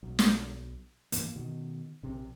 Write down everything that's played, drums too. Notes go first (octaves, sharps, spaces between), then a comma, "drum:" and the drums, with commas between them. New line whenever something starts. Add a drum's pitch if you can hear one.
B1
drum: snare
G2 E3 A#3, drum: hi-hat
B2 D#3
A#1 C3